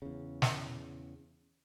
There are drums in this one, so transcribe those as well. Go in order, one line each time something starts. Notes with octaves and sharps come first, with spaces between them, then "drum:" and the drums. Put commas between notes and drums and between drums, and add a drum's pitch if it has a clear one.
E2 C#3
drum: snare